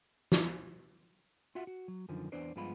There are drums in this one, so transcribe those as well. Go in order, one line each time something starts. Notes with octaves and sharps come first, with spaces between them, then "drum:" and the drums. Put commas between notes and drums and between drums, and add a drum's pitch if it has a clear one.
drum: snare
F4 F#4 E5 F#5
F#4
F#3
F#2 D3 D#3 F3
E2 D4 B4 C5 D5
G2 F3 G#3 B3 F4 B5